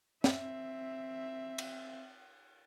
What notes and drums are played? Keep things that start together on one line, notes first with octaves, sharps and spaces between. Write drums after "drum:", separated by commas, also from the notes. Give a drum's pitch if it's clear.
C4 E5, drum: snare
drum: cymbal